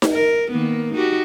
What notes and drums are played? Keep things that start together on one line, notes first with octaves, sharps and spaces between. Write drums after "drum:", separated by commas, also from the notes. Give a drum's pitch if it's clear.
drum: snare D#4
A#4
D#3 A#3 B3
D#4 F#4 G4